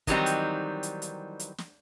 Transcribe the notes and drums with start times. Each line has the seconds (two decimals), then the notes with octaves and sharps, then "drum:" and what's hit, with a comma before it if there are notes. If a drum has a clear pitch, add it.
0.07 D#3 E3 F#3 G3 C4 D#4, drum: kick, hi-hat
0.26 drum: hi-hat
0.83 drum: hi-hat
1.02 drum: hi-hat
1.40 drum: hi-hat
1.58 drum: snare